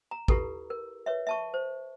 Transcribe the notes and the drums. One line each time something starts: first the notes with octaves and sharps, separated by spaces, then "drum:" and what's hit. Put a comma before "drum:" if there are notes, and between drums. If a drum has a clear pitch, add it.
A#5
E4 F4 G4 A4 B4, drum: kick
A#4
B4 C#5 E5
E5 A5 C#6
C5